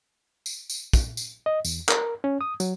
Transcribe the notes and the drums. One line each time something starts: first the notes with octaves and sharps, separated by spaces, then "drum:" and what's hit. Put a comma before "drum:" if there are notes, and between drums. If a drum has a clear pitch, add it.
drum: tambourine
drum: tambourine
drum: kick, tambourine
drum: tambourine
D#5
E2, drum: tambourine
A#4, drum: clap
C#4
D#6
F#3, drum: tambourine